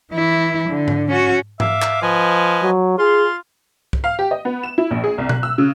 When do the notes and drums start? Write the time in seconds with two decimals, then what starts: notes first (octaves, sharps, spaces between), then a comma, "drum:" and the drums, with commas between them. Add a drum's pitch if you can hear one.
0.12 E3 E4
0.68 D3
0.88 drum: tom G#2
1.09 C#4 F#4
1.60 E5 F5 D6, drum: tom G#2
1.82 drum: clap
2.02 F3 B4 D#5 G#5
2.63 F#3
2.99 F4 G#4 C6
3.93 drum: kick
4.04 F5
4.19 G4
4.31 D#5
4.45 B3
4.63 E7
4.78 E4
4.91 A#1
5.04 G#4
5.18 C2
5.29 F#6, drum: tom B2
5.43 E6
5.58 C#3